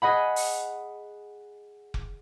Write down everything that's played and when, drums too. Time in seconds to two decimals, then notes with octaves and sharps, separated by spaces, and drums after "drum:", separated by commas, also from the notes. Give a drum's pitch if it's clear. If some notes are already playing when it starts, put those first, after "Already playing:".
0.02 G#4 D#5 F#5 B5
0.36 drum: open hi-hat
1.94 drum: kick F1